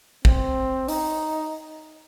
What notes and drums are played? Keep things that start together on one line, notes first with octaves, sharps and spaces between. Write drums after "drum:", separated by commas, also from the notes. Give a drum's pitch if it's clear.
C4, drum: kick
D#4, drum: open hi-hat